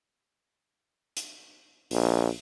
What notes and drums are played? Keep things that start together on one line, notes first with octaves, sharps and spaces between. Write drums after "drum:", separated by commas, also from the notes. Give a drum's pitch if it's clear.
drum: hi-hat
A#1, drum: open hi-hat